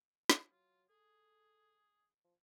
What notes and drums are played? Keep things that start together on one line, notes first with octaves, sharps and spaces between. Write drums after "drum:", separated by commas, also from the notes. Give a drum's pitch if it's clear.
drum: snare
F#3 F4
G#4 A4
F3